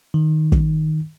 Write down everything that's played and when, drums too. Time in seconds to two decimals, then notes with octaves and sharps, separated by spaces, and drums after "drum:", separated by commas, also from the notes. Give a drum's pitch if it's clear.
0.14 D#3
0.52 drum: kick